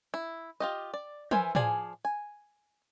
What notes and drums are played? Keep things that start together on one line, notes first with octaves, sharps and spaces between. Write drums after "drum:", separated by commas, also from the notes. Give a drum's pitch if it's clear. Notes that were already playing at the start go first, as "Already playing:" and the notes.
E4
F4 G4 D#5
D5
E3 A#4 C5 E5 G#5, drum: tom F3
F3 G#4 D5 G#5, drum: tom A2
G#5